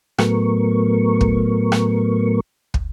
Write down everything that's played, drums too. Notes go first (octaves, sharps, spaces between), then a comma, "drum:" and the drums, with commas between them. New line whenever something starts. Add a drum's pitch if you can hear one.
A2 F#3 A3 B3 A#4 C#6, drum: rim click
drum: kick
drum: rim click
drum: kick